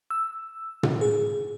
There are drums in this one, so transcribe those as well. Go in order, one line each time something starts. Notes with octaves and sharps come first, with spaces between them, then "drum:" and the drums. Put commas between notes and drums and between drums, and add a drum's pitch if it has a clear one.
E6
drum: tom
G#4